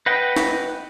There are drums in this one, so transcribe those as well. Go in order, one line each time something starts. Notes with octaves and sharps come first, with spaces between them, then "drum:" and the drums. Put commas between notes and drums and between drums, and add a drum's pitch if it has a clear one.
B4 D#5 F#5 G5
drum: snare